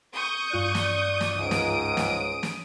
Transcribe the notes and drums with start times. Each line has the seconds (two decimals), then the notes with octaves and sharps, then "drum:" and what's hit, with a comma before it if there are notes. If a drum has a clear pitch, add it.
0.14 C#6 D#6 G6
0.52 G2 F4 D5 F#6
0.75 drum: snare
1.21 drum: snare
1.36 C#2 G#2 D#6 D7
1.51 drum: snare
1.97 drum: snare
2.43 drum: snare